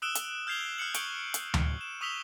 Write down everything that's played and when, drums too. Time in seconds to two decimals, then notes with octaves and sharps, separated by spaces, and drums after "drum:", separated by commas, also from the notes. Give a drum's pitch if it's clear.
0.02 D#6 E6 F#6 D7 E7 G7
0.15 drum: hi-hat
0.47 F6 G6 G#6 C7 F7 G7
0.78 F6 F#6 C#7 F#7
0.94 C#6 G6 C#7 D7 F#7 G7, drum: hi-hat
1.34 drum: hi-hat
1.54 drum: tom D2
1.81 E7
2.01 C#6 D#6 E6 B6 F7 G7